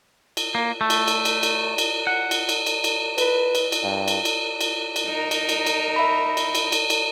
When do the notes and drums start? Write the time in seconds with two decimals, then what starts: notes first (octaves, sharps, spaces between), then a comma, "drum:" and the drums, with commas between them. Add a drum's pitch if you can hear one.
0.37 drum: cymbal
0.55 A#3
0.81 A3
0.90 drum: cymbal
1.08 drum: cymbal
1.25 drum: cymbal
1.43 drum: cymbal
1.78 drum: cymbal
2.07 F#5
2.31 drum: cymbal
2.49 drum: cymbal
2.66 drum: cymbal
2.84 drum: cymbal
3.18 B4, drum: cymbal
3.55 drum: cymbal
3.72 drum: cymbal
3.83 G2
4.08 drum: cymbal
4.25 drum: cymbal
4.61 drum: cymbal
4.96 drum: cymbal
5.07 D#4 A#4
5.31 drum: cymbal
5.49 drum: cymbal
5.66 drum: cymbal
5.96 E5 B5
6.37 drum: cymbal
6.55 drum: cymbal
6.72 drum: cymbal
6.90 drum: cymbal